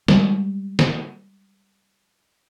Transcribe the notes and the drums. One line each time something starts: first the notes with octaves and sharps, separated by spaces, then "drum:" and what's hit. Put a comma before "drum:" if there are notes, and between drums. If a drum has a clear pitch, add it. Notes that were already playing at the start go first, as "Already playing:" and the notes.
G3 G#3, drum: snare
drum: snare